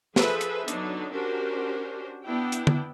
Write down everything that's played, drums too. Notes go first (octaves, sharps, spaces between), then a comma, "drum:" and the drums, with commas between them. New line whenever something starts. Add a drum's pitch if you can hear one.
F3 G#4 A4 B4 C5 E5, drum: snare
drum: hi-hat
D3 F#3 B3 D4 D#4, drum: hi-hat
C#4 D4 F#4 G4 A#4 C5
B3 D4 E4 G5
drum: hi-hat
drum: tom D3